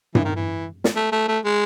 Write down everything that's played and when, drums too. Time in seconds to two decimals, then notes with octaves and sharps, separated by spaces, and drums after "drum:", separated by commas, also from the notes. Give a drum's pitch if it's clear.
0.15 E3, drum: tom G2
0.25 D#3
0.36 E3
0.84 drum: snare
0.96 A3
1.12 A3
1.28 A3
1.45 G#3